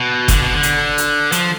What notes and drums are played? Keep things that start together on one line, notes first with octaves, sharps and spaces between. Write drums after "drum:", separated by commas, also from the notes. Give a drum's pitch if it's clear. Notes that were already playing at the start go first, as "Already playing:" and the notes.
Already playing: B2
D3, drum: kick F#1, hi-hat
B2
D3
drum: hi-hat
drum: hi-hat
F3, drum: hi-hat